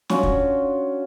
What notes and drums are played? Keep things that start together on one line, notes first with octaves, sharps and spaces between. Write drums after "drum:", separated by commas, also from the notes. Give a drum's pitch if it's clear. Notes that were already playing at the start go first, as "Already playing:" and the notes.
C#4 D4 F4 F#4, drum: snare
drum: kick